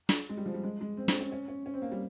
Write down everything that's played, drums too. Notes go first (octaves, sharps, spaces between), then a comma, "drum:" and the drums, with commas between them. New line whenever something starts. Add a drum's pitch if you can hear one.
drum: snare
G#3
G3
F3
G3
G#3
G#3
C4
C4, drum: snare
C#4
C#4
C#4
C#4
C4
A#3
G3